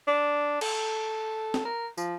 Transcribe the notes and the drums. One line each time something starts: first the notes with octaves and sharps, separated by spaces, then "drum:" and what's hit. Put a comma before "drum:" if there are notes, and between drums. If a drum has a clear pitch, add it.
D4
A4, drum: cymbal
drum: snare
A#4
F3, drum: tambourine